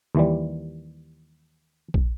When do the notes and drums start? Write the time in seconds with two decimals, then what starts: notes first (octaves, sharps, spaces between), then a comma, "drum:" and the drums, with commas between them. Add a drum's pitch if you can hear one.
0.15 D#2 E3 G3
1.94 drum: kick A#1